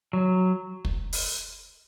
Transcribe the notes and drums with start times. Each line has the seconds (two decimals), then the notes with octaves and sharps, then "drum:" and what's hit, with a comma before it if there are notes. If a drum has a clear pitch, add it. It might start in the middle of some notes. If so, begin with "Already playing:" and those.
0.13 F#3
0.85 drum: kick
1.13 drum: open hi-hat